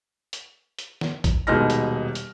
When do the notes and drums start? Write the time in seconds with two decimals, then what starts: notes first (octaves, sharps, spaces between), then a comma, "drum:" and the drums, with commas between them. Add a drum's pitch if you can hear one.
0.33 drum: hi-hat
0.79 drum: hi-hat
1.01 drum: snare
1.24 drum: kick, hi-hat
1.47 D#1 B2 G#3 D#4 F6 A#6
1.70 drum: hi-hat
2.15 drum: hi-hat